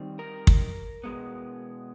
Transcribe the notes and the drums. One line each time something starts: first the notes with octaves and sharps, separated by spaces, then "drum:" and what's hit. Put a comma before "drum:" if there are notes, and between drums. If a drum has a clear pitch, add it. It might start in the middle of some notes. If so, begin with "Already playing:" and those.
Already playing: D#3 G3 C4
A#4
drum: kick
B2 G#3 B3